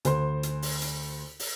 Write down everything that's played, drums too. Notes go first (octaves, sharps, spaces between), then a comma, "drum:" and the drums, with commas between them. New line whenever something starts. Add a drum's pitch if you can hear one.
D2 C5 C6, drum: hi-hat
drum: hi-hat
drum: open hi-hat
drum: hi-hat
drum: open hi-hat